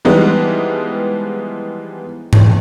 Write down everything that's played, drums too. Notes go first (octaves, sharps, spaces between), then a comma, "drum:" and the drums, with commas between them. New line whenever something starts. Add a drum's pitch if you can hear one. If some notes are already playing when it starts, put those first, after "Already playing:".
E3 F3 G3 G#3 B3 D#4
drum: tom G#2